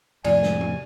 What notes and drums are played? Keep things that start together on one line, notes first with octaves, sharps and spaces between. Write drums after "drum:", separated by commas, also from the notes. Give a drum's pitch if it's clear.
F2 A2 C3 D5 G#5, drum: cymbal
drum: snare
drum: tom C3